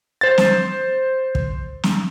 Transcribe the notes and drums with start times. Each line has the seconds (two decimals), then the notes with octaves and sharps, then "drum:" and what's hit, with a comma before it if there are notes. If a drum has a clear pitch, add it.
0.21 C5 A6
0.38 drum: snare
1.35 drum: kick
1.83 drum: snare